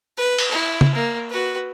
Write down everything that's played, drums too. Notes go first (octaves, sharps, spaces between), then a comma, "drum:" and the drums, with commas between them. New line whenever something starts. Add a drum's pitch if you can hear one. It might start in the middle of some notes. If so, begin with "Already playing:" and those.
B4
drum: cymbal
E4
drum: tom
A#3
F#4 B4